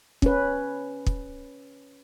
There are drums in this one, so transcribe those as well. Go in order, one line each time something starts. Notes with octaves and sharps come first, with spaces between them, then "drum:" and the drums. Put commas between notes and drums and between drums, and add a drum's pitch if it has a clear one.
C#4 B4, drum: kick
drum: kick